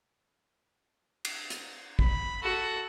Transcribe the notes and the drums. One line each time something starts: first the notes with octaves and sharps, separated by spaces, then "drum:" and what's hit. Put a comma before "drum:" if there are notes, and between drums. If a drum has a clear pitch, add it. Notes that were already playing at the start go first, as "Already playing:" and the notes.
drum: cymbal
drum: hi-hat
B5, drum: kick
F#4 A4